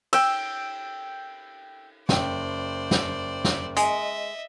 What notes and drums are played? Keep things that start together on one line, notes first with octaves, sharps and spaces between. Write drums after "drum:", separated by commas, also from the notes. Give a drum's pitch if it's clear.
G5 E6, drum: cymbal
F#1 C5 D5 G5, drum: snare
drum: snare
drum: snare
G#3 D#5 E5, drum: hi-hat